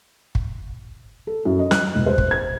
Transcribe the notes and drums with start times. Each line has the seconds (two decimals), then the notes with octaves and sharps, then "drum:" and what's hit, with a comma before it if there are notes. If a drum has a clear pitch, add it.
0.35 drum: kick
1.27 A4
1.45 F#2
1.59 D#5
1.71 F#6, drum: snare
1.95 E1
2.06 C5
2.18 drum: kick
2.31 G#6